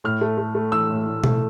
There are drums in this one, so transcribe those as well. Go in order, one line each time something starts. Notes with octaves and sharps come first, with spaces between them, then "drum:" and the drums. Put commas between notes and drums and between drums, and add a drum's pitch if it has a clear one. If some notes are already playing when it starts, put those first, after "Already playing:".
A2 F6
A3
A3
A3
E3 E6
A2
A2
A3, drum: tom B2